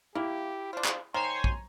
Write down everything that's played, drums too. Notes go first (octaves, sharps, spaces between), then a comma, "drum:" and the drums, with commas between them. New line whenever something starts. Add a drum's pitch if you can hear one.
A#3 E4 G4
D4 F4 C5
drum: clap
D#3 C5 C#5 G#5 A#5 C6
drum: kick